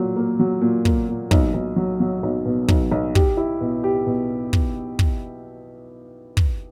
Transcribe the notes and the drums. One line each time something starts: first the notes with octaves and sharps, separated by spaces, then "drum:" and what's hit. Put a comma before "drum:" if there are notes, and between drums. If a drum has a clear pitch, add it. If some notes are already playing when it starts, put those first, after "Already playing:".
Already playing: A#2 F#3
A#3
F#3
A#2
A#3, drum: kick
A#2
B1, drum: kick
B1
F#3
F#3
B1
B2
B1, drum: kick
B1
G4, drum: kick
E4
B2
G4
B2
drum: kick
drum: kick
drum: kick